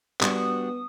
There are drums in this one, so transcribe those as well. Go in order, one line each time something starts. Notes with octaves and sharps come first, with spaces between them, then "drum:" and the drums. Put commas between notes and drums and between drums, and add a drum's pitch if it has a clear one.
G3 B3 D4 F#4 D#6, drum: clap